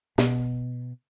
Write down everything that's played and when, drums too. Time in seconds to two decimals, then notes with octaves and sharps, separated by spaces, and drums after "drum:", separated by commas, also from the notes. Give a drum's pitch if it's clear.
0.18 B2, drum: snare